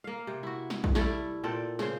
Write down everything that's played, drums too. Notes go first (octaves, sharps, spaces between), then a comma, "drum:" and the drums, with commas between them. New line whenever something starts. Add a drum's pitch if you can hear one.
A#3 F5
C3
E4 F#4
drum: snare
drum: kick
G3 A3 E4 A4, drum: snare
A#2 C4 A4 D5
C#3 C5, drum: snare